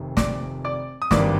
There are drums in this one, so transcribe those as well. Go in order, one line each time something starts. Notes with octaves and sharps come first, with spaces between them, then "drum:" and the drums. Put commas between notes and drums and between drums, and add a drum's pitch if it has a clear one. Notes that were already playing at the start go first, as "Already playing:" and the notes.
Already playing: F1 F2 C3 D#3
D5 D6, drum: snare
D5 D6
D#6
G#1 G2 D#3 G3 D5 D6, drum: snare